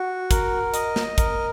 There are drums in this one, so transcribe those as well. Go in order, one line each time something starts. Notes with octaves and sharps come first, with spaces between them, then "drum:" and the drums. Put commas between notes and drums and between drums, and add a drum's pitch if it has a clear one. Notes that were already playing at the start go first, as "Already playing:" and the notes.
Already playing: F#4
A#4, drum: kick, hi-hat
D#5, drum: hi-hat
drum: snare
A#4, drum: kick, hi-hat